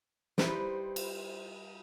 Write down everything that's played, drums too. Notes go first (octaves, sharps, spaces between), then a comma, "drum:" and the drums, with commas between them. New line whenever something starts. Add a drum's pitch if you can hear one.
G3 D#4 E4 B4 C5, drum: snare
drum: cymbal